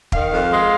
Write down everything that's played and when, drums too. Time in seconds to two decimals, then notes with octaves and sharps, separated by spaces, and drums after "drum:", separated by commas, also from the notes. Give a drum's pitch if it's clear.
0.12 D#3 F5, drum: kick
0.31 F2
0.51 G#3